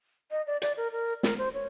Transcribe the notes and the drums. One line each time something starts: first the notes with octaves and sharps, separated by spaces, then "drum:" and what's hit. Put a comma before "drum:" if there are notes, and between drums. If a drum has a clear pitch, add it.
D#5
D5
D5, drum: hi-hat
A#4
A#4
A#4, drum: snare
C5
C#5